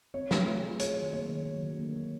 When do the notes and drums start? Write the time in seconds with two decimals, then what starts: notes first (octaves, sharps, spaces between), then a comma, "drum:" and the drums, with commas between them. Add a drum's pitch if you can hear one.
0.14 C4 C#5
0.31 A3, drum: snare
0.47 F4
0.63 G#4
0.79 F#3 C#5, drum: hi-hat
0.97 D#3
1.13 A#3 C#5
1.29 D#3
1.46 F#3
1.63 D3
1.79 A#3
1.96 D3